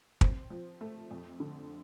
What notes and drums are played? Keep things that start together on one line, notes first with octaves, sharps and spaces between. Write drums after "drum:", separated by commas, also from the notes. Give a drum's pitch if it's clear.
C4, drum: kick
F3
A3
F2
D3